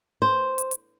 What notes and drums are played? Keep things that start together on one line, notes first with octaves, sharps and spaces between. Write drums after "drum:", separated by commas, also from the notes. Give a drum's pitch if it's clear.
C5
drum: hi-hat
drum: hi-hat